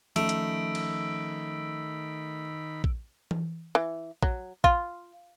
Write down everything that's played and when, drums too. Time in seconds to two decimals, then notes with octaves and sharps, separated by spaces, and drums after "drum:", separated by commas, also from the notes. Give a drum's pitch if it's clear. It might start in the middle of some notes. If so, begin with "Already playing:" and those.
0.16 D#3 F3 A3 C#4 B5 E6 D7, drum: hi-hat
0.29 drum: hi-hat
0.75 drum: cymbal
2.84 drum: kick A#1
3.31 drum: tom E3
3.75 E3
4.22 F#3, drum: kick A#1
4.64 F4, drum: kick A#1